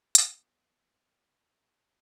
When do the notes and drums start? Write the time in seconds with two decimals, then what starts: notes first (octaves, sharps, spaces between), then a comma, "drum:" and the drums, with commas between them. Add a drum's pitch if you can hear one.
0.15 B2 F3 B3 F#5 G#5 C6, drum: hi-hat